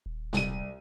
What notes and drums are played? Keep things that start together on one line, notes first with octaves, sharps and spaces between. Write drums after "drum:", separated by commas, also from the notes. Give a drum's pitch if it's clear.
D#1
C2 D#7, drum: snare